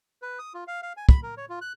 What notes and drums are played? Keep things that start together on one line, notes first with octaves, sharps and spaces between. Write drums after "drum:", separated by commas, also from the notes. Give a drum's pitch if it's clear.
B4
D#6
F4
F5
F5
G#5
B5, drum: kick
A#4
C#5
F4
F#6